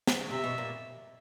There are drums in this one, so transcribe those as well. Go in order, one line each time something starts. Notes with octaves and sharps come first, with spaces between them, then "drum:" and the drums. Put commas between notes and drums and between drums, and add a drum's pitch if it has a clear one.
drum: snare
C#3
C3 E5
B2
A#2